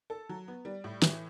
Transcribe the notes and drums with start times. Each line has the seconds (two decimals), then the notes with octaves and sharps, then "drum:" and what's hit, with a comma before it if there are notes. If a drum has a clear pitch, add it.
0.10 A4
0.29 F#3
0.48 B3
0.65 G3
0.84 A2
1.02 E3, drum: snare